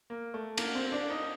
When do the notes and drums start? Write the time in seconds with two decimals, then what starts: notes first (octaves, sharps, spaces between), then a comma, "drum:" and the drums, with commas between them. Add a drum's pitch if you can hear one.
0.10 A#3
0.34 A3
0.58 A#3, drum: cymbal
0.75 C4
0.92 D4
1.10 D#4